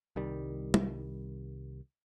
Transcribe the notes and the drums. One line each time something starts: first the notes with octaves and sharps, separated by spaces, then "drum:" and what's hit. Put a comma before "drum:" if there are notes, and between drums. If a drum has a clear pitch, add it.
C2 D#3 G3
drum: tom